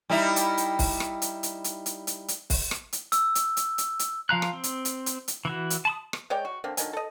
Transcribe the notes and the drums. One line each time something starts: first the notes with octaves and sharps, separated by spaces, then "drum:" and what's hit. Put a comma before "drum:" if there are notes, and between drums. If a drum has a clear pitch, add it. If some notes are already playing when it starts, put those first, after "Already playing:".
G3 D#4 E4
drum: hi-hat
drum: hi-hat
drum: kick, open hi-hat
drum: rim click
drum: hi-hat
drum: hi-hat
drum: hi-hat
drum: hi-hat
drum: hi-hat
drum: hi-hat
drum: kick, open hi-hat
drum: rim click
drum: hi-hat
E6, drum: hi-hat
drum: hi-hat
drum: hi-hat
drum: hi-hat
drum: hi-hat
F3 F5 A#5 F#6
drum: rim click
C4
drum: hi-hat
drum: hi-hat
drum: hi-hat
drum: hi-hat
E3 E4 F#4
drum: hi-hat
A5 B5 D#6
drum: rim click
G#3 C#5 D5 G5
F#4
D3 A#3 C4
D3 D#3 F#3 G#5, drum: hi-hat
A4 D#5